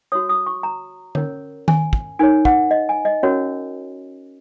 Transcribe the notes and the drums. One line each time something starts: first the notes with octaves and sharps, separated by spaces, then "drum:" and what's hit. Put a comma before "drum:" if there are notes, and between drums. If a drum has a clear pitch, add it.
F#4 C#5 D#6
D#6
C#6
A#5
C#4 A#4 C#5, drum: tom D3
G#5, drum: tom D#3
drum: kick
D#4 A#4 C#5 G#5
F#5, drum: kick
D#5
G#5
D#5
C#4 F#4 A#4 C#5